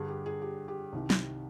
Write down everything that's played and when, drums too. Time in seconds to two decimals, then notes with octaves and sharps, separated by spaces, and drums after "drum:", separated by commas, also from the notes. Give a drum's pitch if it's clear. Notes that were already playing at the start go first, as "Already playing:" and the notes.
Already playing: G2 D3 G#4
0.08 G4
0.26 G#4
0.42 G4
0.68 G4
0.93 C2 C3 D#3
1.10 drum: snare